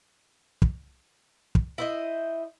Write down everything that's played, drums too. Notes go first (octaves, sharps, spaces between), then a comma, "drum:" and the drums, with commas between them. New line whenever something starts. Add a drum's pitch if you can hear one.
drum: kick
drum: kick
E4 C5 D#5